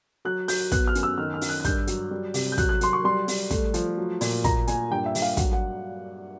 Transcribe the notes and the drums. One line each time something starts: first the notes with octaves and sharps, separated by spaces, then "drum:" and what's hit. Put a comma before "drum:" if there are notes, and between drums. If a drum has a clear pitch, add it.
F#3 F#6
F#3 G6, drum: open hi-hat
B3 F#6, drum: kick, hi-hat
F6
F#2, drum: hi-hat
E6
D#3 F6
F6
F#2, drum: open hi-hat
F#6
F#6
G2 G6, drum: kick, hi-hat
F#3, drum: hi-hat
G3
C3, drum: open hi-hat
G6
F#3 F#6, drum: kick, hi-hat
F#6
F#3 C6, drum: hi-hat
C#6
G3 C6
G3, drum: open hi-hat
A3, drum: kick, hi-hat
F3, drum: hi-hat
F#3
A#2, drum: open hi-hat
A#2 A#5, drum: kick, hi-hat
A#2 G#5, drum: hi-hat
G2 G5
E5
G2, drum: open hi-hat
F5
F#3 F#5, drum: kick, hi-hat
F#5